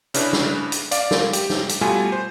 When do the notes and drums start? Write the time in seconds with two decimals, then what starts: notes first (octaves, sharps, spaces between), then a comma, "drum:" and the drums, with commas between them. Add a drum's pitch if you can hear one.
0.14 C#3 C#4 D4 E4 B4, drum: hi-hat
0.33 drum: snare
0.72 drum: hi-hat
0.91 D5 F5 D6, drum: hi-hat
1.11 drum: snare
1.33 G4, drum: hi-hat
1.50 drum: snare
1.69 drum: hi-hat
1.81 B2 G3 A3 F4 G#5
2.12 C5